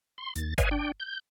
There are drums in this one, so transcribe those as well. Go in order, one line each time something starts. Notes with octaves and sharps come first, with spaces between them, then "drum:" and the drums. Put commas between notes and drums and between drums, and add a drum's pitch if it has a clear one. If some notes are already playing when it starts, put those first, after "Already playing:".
C6
D#2 A6, drum: hi-hat
B4 C#5 D#5 F5 G#5, drum: kick G1, hi-hat
D4 G5
G6